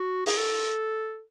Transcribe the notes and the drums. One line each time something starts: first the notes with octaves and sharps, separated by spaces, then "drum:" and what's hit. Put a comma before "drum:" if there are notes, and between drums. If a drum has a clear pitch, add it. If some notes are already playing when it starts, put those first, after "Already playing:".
Already playing: F#4
G#4, drum: open hi-hat
A4